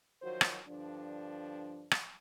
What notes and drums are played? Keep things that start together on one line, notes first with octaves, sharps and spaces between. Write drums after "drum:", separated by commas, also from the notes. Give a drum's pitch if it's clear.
D#3 F3 F#3 F#4 C5
drum: rim click
G2 D3 F3 D4
drum: rim click